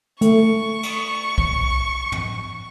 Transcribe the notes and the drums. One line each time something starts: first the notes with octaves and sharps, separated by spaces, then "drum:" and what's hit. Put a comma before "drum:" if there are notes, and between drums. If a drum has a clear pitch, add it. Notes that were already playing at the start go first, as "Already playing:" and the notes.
A3 C#6, drum: hi-hat
drum: cymbal
drum: kick B1
drum: tom